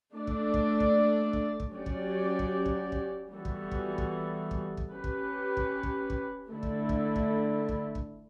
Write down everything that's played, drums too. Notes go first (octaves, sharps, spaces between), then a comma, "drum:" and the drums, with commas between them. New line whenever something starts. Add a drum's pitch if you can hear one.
A3 D4 A4 D5
drum: kick
drum: kick
drum: kick
drum: kick
drum: kick
F#3 C#4 G4 D5
drum: kick
drum: kick
drum: kick
drum: kick
E3 G3 B3 F#4 A4
drum: kick
drum: kick
drum: kick
drum: kick
drum: kick
C#4 G4 B4
drum: kick
drum: kick
drum: kick
drum: kick
D3 A3 E4 A4
drum: kick
drum: kick
drum: kick
drum: kick
drum: kick